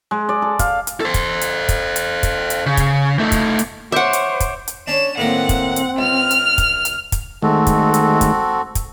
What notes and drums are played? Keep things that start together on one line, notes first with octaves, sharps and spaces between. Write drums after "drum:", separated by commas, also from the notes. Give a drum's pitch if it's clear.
G#3
D5
A4
F5, drum: kick, hi-hat
drum: hi-hat
A4 C5
drum: kick, hi-hat
drum: hi-hat
drum: kick, hi-hat
drum: hi-hat
drum: kick, hi-hat
drum: hi-hat
C#3
drum: kick, hi-hat
A3 D#4
drum: kick, hi-hat
drum: hi-hat
C5 C#5 E5 F#5 D6 G6 D7
drum: hi-hat
drum: kick, hi-hat
drum: hi-hat
C#4 D4 C#5 E7
A2 D#3 A#3 C4 F#5
drum: kick, hi-hat
drum: hi-hat
C#2 F6
drum: hi-hat
drum: kick, hi-hat
drum: hi-hat
drum: kick, hi-hat
D#3 G#3 A3 C4 F#4 A4
drum: kick, hi-hat
drum: hi-hat
drum: kick, hi-hat
drum: kick, hi-hat